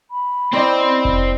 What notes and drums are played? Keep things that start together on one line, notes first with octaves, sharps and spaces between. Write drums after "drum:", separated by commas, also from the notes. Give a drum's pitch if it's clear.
B5
C4 E4 C5 D5 D#5
drum: kick F1